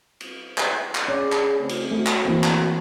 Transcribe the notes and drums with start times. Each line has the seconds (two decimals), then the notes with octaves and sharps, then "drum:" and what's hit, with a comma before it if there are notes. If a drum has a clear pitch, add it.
0.21 drum: cymbal
0.58 drum: clap
0.95 drum: clap
1.08 C#4 G#4 D5
1.32 drum: clap
1.59 C#3 A3 C4
1.69 drum: cymbal
1.91 A3 F#4
2.06 drum: clap
2.25 E3 A#3 C4
2.44 drum: clap